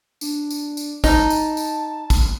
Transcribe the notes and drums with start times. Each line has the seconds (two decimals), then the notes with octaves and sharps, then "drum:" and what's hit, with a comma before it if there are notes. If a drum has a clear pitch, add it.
0.21 D4, drum: tambourine
0.50 drum: tambourine
0.77 drum: tambourine
1.04 D#4 A5, drum: kick, tambourine
1.30 drum: tambourine
1.57 drum: tambourine
2.10 drum: kick, tambourine